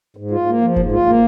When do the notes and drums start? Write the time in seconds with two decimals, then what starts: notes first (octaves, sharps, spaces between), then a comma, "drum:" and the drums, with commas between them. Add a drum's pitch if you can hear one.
0.17 G#2
0.31 F4
0.46 A#3
0.61 F3
0.76 G#2, drum: kick
0.91 F4
1.06 A#3